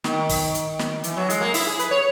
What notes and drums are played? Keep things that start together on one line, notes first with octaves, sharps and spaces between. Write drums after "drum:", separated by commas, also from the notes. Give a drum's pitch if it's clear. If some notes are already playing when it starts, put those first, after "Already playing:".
D#3, drum: snare
drum: kick, open hi-hat
drum: hi-hat
drum: snare
E3, drum: hi-hat
F#3
G#3, drum: hi-hat
A#3
E4, drum: open hi-hat
G#4
B4, drum: hi-hat
C#5